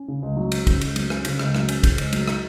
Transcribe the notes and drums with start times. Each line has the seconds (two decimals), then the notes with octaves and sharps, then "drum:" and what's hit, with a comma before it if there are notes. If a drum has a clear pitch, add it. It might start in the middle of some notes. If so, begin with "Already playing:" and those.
Already playing: C#4
0.08 C#3
0.23 C#2
0.37 F#3
0.52 C#4, drum: cymbal
0.67 C#3, drum: kick, cymbal
0.81 C#2, drum: cymbal
0.96 F#3, drum: cymbal
1.10 C#4, drum: rim click
1.25 C#3, drum: cymbal
1.39 C#2, drum: rim click
1.55 F#3, drum: rim click
1.69 C#4, drum: cymbal
1.83 C#3, drum: kick, cymbal
1.98 C#2, drum: cymbal
2.13 F#3, drum: cymbal
2.28 D#4, drum: rim click